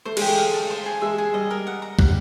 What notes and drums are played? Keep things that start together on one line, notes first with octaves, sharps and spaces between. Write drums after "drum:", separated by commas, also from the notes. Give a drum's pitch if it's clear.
A3 C5
G#3, drum: cymbal
G4
A3
F5
A5
C5
G#4
G#3 E5
G#4
G3 D#5
A#4
F#5
A#5
G3 F#5, drum: kick